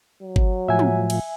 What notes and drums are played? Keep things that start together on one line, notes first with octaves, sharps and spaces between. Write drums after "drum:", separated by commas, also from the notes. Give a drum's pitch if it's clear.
F#3
drum: kick G1
A2 F3 E5 G#5
drum: tom
drum: cymbal